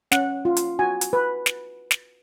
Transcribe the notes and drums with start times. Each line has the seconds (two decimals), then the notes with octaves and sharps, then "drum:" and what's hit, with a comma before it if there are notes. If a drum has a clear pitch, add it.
0.12 C#4 F#5, drum: snare
0.45 F4
0.57 drum: hi-hat
0.79 F#4 G#5
1.01 drum: hi-hat
1.13 B4
1.46 drum: snare
1.91 drum: snare